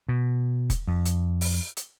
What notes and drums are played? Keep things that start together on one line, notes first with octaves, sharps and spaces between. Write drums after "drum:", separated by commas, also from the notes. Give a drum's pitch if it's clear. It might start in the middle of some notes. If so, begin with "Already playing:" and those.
B2
drum: kick, hi-hat
F2
drum: hi-hat
drum: open hi-hat
drum: hi-hat